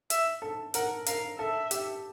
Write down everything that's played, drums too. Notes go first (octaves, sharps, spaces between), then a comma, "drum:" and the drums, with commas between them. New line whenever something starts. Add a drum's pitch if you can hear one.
E5, drum: hi-hat
A4
A#4 F#5, drum: hi-hat
A#4 F5, drum: hi-hat
A4 E5
G4, drum: hi-hat